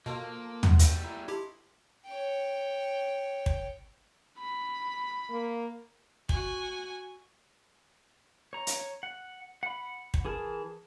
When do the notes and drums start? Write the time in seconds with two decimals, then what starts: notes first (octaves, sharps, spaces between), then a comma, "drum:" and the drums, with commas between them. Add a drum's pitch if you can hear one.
0.06 B2 F3 A#3 A4 C6
0.63 B3 F#4, drum: tom
0.79 G3 A3, drum: hi-hat
1.03 E4 A#5 E6
1.28 E4 G4 D#5 A5 C6
2.05 C#5 G5
3.46 drum: kick
4.39 B5
5.30 A#3
6.29 F#4 G#5, drum: kick
8.53 C#5 A#5
8.67 drum: hi-hat
9.03 F#5
9.63 F#5 B5
10.14 drum: kick
10.25 E3 G#4 A#4 A5